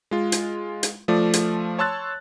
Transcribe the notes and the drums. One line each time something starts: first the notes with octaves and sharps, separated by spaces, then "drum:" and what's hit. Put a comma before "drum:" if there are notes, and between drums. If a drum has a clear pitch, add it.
G#3 F4
drum: hi-hat
drum: hi-hat
F3 A3 F4 D5
drum: hi-hat
C#5 A5 C6 E6 F#6 A6